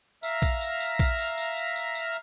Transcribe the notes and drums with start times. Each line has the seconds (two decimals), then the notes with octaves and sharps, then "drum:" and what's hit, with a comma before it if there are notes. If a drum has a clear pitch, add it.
0.23 E5 F5 A#5 F6, drum: tambourine
0.42 drum: kick A#1, tambourine
0.61 drum: tambourine
0.80 drum: tambourine
0.99 drum: kick A#1, tambourine
1.19 drum: tambourine
1.38 drum: tambourine
1.57 drum: tambourine
1.76 drum: tambourine
1.95 drum: tambourine